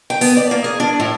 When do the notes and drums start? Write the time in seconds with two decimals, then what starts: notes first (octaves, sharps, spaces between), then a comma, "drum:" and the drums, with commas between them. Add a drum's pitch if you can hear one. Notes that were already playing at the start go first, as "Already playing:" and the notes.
0.10 G5
0.21 B3, drum: open hi-hat
0.37 D5
0.51 A#3
0.64 G#4
0.80 D4
1.00 A2